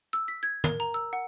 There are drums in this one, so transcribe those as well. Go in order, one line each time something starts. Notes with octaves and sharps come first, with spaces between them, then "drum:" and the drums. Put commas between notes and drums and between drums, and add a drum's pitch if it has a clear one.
E6
B6
G#6
A#4, drum: tom
A#5
E6
F#5